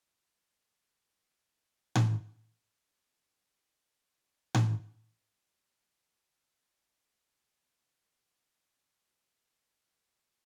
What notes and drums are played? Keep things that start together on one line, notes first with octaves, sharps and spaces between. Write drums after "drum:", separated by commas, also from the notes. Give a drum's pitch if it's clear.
D1
drum: tom A2
B3 D5 E6
drum: tom A2
D#4
G3
C#5
G4
F3
F2 G#3 B4 C#5 F5 A5
A#5 B5 C#6 D#6 C7
B5 F6 A#6